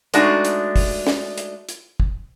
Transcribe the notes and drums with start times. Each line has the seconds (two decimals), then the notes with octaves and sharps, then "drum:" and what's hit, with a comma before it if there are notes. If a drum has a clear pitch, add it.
0.14 G#3 A3 D4 D#4 F#4, drum: hi-hat
0.45 drum: hi-hat
0.76 drum: kick, open hi-hat
1.07 drum: snare
1.38 drum: hi-hat
1.69 drum: hi-hat
2.00 drum: kick